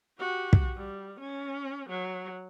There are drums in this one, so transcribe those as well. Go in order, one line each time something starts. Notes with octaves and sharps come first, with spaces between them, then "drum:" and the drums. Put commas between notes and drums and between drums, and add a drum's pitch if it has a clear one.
F#4 G4
drum: kick
G3
C#4
F#3